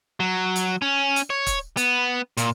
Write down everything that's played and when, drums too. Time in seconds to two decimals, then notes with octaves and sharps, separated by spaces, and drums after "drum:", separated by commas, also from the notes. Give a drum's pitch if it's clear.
0.20 F#3
0.56 drum: hi-hat
0.82 C#4
1.16 drum: hi-hat
1.30 C#5
1.47 drum: kick, hi-hat
1.77 B3, drum: hi-hat
2.37 A#2, drum: hi-hat